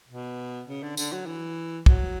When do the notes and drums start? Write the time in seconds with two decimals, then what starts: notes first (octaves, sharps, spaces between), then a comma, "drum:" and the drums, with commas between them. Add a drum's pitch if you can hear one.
0.09 B2
0.68 C#3
0.83 D3
0.97 D3, drum: tambourine
1.13 F#3
1.27 E3
1.86 F#3, drum: kick